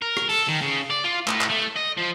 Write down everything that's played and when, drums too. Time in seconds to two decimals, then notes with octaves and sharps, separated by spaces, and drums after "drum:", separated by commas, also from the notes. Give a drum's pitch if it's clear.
0.02 A#4
0.17 drum: rim click
0.29 A4, drum: open hi-hat
0.49 D#3
0.62 C#3
0.90 D5
1.04 F4
1.27 A2, drum: clap
1.41 drum: clap
1.50 A3
1.77 D#5
1.98 F3